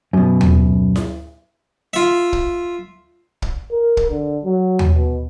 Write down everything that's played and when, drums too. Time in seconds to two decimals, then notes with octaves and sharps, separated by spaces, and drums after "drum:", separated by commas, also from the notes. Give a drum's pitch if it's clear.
0.13 F#2 B2
0.41 drum: tom
0.96 drum: snare E4
1.93 F4 E5
2.33 drum: kick
3.42 drum: kick
3.72 A#4
3.97 drum: kick
4.10 D3
4.44 F#3
4.79 drum: tom
4.94 B2